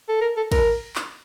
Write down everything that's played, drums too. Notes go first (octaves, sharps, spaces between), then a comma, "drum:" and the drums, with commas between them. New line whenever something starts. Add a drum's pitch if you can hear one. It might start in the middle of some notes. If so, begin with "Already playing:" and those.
A4
A#4
A4
A#4, drum: kick, cymbal
drum: clap